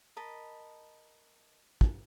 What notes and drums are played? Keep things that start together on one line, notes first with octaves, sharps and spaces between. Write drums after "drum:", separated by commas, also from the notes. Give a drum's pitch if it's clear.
A#4 D#5 A5 B5
drum: kick